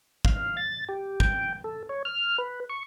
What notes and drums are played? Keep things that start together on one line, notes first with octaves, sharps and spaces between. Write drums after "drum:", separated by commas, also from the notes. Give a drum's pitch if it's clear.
F5, drum: kick
A6
G4
G5, drum: kick
A4
C#5
F6
B4
C#6